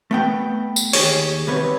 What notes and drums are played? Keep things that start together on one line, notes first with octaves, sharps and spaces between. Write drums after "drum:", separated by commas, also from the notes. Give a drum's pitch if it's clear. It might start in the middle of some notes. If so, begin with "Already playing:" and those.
A3 B3 G5
drum: tambourine
D#2 G4 G#4 C#5, drum: open hi-hat
C2 C3 B3 B4 C#5